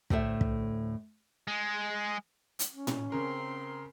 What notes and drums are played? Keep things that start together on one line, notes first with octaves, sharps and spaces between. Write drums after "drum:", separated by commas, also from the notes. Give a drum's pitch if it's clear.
D2 A2 A4 C5 E5, drum: kick
drum: kick
G#3
drum: hi-hat
C#4
drum: tom A2
C#3 C4 A#4 C6